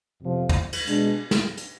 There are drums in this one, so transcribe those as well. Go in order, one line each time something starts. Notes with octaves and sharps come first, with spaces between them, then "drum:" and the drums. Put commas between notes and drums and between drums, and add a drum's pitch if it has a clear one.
F2 C3 F3
drum: tom
drum: cymbal
B2 G#3 D4, drum: hi-hat
drum: snare
drum: hi-hat